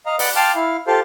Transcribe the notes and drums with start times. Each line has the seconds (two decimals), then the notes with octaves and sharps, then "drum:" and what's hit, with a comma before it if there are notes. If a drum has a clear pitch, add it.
0.06 D#5 F5 A#5
0.19 B4 D5 F#5, drum: open hi-hat
0.36 F5 G5 A5 C6 D6 F6
0.55 E4 F5
0.87 F4 G4 A4 C5 F5